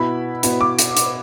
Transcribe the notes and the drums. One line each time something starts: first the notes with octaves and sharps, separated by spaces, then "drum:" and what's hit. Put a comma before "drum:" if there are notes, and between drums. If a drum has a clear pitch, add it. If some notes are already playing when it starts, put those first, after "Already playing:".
Already playing: B2 B3 E4 B5
B2 B3 E4, drum: hi-hat
D6
drum: hi-hat
drum: hi-hat